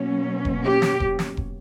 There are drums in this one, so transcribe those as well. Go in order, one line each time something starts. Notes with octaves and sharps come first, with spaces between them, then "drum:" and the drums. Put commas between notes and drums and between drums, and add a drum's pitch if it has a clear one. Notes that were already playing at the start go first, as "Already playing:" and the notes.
Already playing: B2 F#3 A#3 C#4
drum: kick E1
G4
drum: snare
drum: kick E1
drum: snare
drum: kick E1